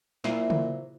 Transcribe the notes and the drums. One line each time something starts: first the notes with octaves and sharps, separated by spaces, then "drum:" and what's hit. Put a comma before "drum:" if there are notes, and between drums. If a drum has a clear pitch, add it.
A#2 F#3 E4 C5, drum: snare
drum: tom C#3